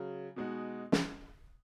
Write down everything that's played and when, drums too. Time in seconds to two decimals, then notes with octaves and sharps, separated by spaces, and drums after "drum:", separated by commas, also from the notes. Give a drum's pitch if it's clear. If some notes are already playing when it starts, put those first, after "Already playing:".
Already playing: C#3 F#3
0.36 B2 G#3 D#4 F#4
0.92 drum: snare